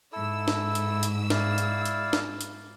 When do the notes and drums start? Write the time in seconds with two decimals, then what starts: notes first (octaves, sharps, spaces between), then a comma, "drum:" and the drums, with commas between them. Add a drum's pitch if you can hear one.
0.13 G#2 E4 A4 E6
0.48 drum: snare
0.75 drum: hi-hat
1.03 drum: hi-hat
1.30 E4 D5 F5, drum: snare
1.58 drum: hi-hat
1.85 drum: hi-hat
2.13 drum: snare
2.41 drum: hi-hat